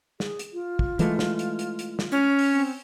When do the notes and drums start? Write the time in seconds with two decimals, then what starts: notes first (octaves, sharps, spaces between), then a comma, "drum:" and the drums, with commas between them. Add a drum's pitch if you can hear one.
0.20 G#4, drum: snare
0.39 drum: hi-hat
0.53 F4
0.79 drum: kick
0.99 E3 G#3 A3, drum: hi-hat
1.19 drum: snare
1.39 drum: hi-hat
1.59 drum: hi-hat
1.79 drum: hi-hat
1.99 drum: snare
2.12 C#4
2.39 drum: open hi-hat
2.51 C4